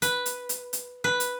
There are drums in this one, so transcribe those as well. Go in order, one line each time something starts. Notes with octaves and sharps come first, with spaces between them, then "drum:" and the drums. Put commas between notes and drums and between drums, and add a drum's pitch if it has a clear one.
B4, drum: hi-hat
drum: hi-hat
drum: hi-hat
drum: hi-hat
B4
drum: hi-hat